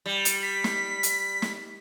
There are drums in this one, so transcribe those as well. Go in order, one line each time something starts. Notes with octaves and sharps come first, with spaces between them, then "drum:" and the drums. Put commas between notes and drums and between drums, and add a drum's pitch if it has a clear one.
G3
drum: hi-hat
B6
drum: snare
drum: hi-hat
drum: snare